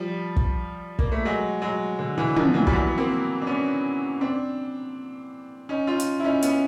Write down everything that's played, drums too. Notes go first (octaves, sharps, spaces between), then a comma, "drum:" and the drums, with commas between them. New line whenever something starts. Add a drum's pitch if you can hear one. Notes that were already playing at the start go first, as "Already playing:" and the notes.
Already playing: F3 G3
drum: kick
A#3, drum: kick
A3
F#3 G#3
F#3 G#3
D3
D3 E3
D#3 F3, drum: tom
E3 F#3
G3, drum: kick
E3 F#3
B3
A#3 C4
D4
B3 C#4
C4 D4
C#4 D#4
D#4 F4
drum: hi-hat
E4
C#4 D#4
B3 C#4, drum: hi-hat